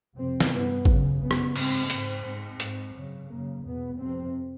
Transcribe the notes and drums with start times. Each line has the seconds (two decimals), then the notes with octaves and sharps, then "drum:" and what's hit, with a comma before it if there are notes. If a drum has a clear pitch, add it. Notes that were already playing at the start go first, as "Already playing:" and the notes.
0.16 F2 C3 C4
0.40 drum: snare
0.51 G2 B3
0.85 F#2 C#3, drum: kick G#1
1.20 F#2 C#3 B3
1.31 drum: rim click
1.56 G#2 C4, drum: cymbal
1.90 G#2 C4, drum: hi-hat
2.25 G#2
2.60 G#2, drum: hi-hat
2.95 F#2 C#3
3.30 F#2 C#3 A#3
3.64 E2 B2 B3
3.99 F2 C3 C4